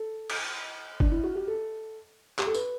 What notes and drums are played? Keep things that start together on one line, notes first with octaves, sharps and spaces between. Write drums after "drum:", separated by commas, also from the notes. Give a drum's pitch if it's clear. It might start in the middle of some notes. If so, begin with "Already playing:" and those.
Already playing: A4
drum: cymbal
D4, drum: kick F#1
E4
F#4
G4
A4
G4, drum: clap
A4
B4, drum: tambourine